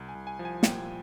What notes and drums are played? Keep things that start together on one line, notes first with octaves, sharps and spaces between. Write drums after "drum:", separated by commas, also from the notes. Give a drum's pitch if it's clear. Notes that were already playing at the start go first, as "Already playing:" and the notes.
Already playing: C2
G#5
C2
G#5
F3
G#5
A#2 G5, drum: snare